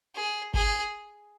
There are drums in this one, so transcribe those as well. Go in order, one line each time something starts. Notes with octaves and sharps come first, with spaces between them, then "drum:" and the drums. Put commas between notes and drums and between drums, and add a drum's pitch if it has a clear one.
G#4
G#4, drum: kick G1